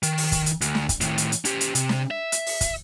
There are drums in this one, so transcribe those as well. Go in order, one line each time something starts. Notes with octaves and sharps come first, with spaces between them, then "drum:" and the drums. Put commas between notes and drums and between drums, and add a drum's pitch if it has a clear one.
D#3, drum: hi-hat
drum: open hi-hat
drum: kick, hi-hat
drum: hi-hat
D2, drum: hi-hat
drum: snare
drum: kick, hi-hat
A2 D#3, drum: hi-hat
drum: hi-hat
drum: hi-hat
C#4 G4, drum: hi-hat
drum: hi-hat
C3, drum: hi-hat
drum: snare
E5
drum: hi-hat
drum: open hi-hat
drum: kick, hi-hat